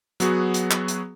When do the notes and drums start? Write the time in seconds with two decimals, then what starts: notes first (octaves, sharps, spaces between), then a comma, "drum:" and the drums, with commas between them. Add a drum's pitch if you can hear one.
0.20 F#3 B3 F#4 G#4, drum: hi-hat
0.54 drum: hi-hat
0.71 drum: clap
0.88 drum: hi-hat